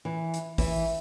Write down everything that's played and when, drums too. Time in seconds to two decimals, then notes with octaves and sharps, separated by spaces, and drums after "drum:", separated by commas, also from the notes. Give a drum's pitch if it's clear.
0.05 E3
0.34 drum: hi-hat
0.58 E3, drum: kick, open hi-hat